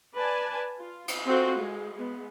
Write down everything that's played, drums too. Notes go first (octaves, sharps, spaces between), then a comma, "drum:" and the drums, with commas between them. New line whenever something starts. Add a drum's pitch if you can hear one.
B4 D5 G#5 A5
F4
drum: cymbal
C4 F4 F#4 A4
G#3
G#3 B3